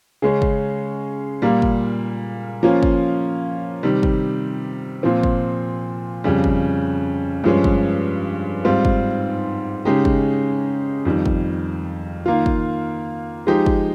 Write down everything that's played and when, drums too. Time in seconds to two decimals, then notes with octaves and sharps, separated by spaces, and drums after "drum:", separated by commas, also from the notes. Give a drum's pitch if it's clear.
0.22 C#3 G#3 C#4
0.42 drum: kick
1.42 A#2 G3 A#3
1.62 drum: kick
2.63 F3 A#3 C#4 F4
2.83 drum: kick
3.83 C3 D#3 G3
4.03 drum: kick
5.03 A#2 F3 C4
5.23 drum: kick
6.24 F2 C#3 G3
6.44 drum: kick
7.44 G2 F3 G#3 C#4
7.64 drum: kick
8.64 G#2 G3 C4 F4
8.85 drum: kick
9.85 C#3 G#3 D#4 G4
10.05 drum: kick
11.05 F2 D#3 G3
11.26 drum: kick
12.26 D#3 A#3 F4
12.46 drum: kick
13.47 F3 G#3 D#4 G4
13.66 drum: kick